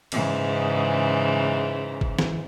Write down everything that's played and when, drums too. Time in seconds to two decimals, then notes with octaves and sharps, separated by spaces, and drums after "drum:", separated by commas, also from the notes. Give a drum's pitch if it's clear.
0.12 G#2 C#3 E3, drum: cymbal
2.01 drum: kick
2.19 drum: snare